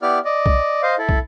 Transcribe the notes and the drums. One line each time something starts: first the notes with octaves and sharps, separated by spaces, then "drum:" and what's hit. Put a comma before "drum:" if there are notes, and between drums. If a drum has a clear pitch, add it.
B3 E4 G4 D5 F6
D5 D#5
drum: kick
C5 D#5 F5
E4 A4
drum: kick